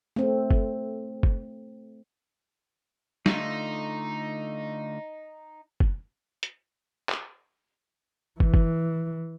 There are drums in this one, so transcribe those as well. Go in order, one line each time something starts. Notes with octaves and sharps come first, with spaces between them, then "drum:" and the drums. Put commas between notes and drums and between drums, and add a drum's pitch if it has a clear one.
A3 C4
drum: kick
drum: kick
D3 A3 D#4 F4, drum: snare
drum: kick
drum: hi-hat
drum: clap
E3, drum: kick
drum: kick